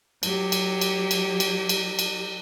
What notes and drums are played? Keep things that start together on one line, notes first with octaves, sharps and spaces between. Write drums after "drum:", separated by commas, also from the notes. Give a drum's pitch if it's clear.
F#3 G4, drum: cymbal
drum: cymbal
drum: cymbal
drum: cymbal
drum: cymbal
drum: cymbal
drum: cymbal